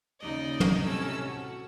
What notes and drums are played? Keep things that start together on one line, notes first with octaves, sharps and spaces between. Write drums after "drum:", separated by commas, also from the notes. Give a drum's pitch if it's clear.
D#2 C#3 D#4 D5 D#5
drum: tom
A2 C3 C#4 A4 E6
F#4